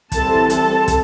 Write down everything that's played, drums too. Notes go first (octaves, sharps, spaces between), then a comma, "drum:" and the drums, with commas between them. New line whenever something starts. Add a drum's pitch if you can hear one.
E3 G3 C4 A4 A5, drum: kick, hi-hat
A4 A5, drum: hi-hat
drum: kick, hi-hat